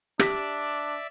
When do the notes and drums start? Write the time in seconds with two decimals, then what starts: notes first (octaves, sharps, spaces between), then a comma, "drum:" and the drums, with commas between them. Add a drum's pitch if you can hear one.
0.19 D4 G4 D5 E5 A#6 B6, drum: rim click